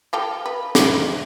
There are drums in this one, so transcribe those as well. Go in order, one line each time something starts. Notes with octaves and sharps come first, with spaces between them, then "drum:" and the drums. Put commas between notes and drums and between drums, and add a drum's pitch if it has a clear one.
F4 G4 A4
B4
F3 E4, drum: snare